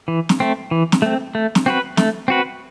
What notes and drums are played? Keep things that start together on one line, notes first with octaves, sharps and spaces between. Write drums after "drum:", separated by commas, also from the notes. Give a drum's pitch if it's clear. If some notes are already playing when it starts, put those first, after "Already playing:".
E3
drum: snare
A3 C4
E3
drum: snare
A3 C4
A3
drum: snare
C4 F#4 B4
A3, drum: snare
C4 F#4 B4